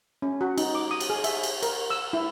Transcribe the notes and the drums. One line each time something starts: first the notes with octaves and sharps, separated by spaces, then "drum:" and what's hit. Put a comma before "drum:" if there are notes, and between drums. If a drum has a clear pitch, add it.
C#4
F#4
D#4, drum: cymbal
D6
D#6
drum: cymbal
G#4
E5, drum: cymbal
drum: cymbal
A#4, drum: cymbal
E6
E4